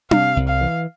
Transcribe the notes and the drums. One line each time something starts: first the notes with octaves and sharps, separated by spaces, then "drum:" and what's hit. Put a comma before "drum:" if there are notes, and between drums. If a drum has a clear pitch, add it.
C3 F5, drum: tom D4
C2
F5
E3